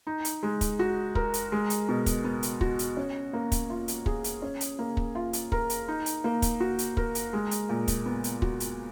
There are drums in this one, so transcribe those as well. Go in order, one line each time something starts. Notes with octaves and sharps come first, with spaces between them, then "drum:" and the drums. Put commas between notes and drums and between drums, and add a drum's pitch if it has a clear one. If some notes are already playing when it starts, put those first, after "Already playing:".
D#4
drum: hi-hat
G#3
drum: kick, hi-hat
F#4
A#4, drum: kick
drum: hi-hat
G#3
drum: hi-hat
B2
drum: kick, hi-hat
B3
drum: hi-hat
F#4, drum: kick
drum: hi-hat
C#4
A#3
drum: kick, hi-hat
F4
drum: hi-hat
G#4, drum: kick
drum: hi-hat
C#4
drum: hi-hat
A#3
drum: kick
F4
drum: hi-hat
A#4, drum: kick
drum: hi-hat
D#4
drum: hi-hat
A#3
drum: kick, hi-hat
F#4
drum: hi-hat
A#4, drum: kick
drum: hi-hat
G#3
drum: hi-hat
A#2
drum: kick, hi-hat
B3
drum: hi-hat
F#4, drum: kick
drum: hi-hat